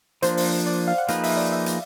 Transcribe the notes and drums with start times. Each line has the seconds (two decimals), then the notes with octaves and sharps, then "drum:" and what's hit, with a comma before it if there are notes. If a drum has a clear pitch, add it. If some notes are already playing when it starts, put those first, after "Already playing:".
0.22 F3 A#3 D4 C5, drum: hi-hat
0.37 drum: open hi-hat
0.67 D5
0.88 F5
0.98 F#5
1.08 F3 A#3 D#4 G#4 B4 F5, drum: hi-hat
1.23 E5, drum: open hi-hat
1.37 D5
1.52 E5
1.66 drum: hi-hat